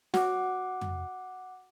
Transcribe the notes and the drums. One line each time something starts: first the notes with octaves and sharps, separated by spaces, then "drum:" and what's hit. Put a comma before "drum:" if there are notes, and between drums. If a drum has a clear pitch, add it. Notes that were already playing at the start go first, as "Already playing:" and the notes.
F#4 F#5 D6, drum: snare
drum: tom